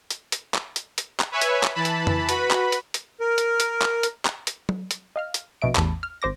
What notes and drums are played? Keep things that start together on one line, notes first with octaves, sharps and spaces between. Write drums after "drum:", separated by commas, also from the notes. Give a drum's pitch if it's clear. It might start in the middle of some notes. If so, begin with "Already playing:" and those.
drum: hi-hat
drum: hi-hat
drum: clap
drum: hi-hat
drum: hi-hat
drum: clap
B4 C#5 E5 G#5
drum: hi-hat
drum: clap
E3 A5 B5
drum: hi-hat
drum: tom F2
F#4 B4 B5, drum: hi-hat
drum: clap
drum: hi-hat
drum: hi-hat
A#4
drum: hi-hat
drum: hi-hat
drum: clap
drum: hi-hat
drum: clap
drum: hi-hat
drum: tom
drum: hi-hat
D#5 F5 F6
drum: hi-hat
A#1 B2 D#5 E5 D7
A1 E2 A5 B5, drum: clap
F6
G#1 C5 D6 A#6